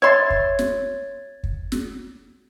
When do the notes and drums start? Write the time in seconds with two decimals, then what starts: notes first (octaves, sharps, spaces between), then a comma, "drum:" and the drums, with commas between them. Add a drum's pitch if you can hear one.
0.02 C#5 E5 C6 G#6 A6
0.30 drum: kick
0.59 drum: snare
1.44 drum: kick
1.72 drum: snare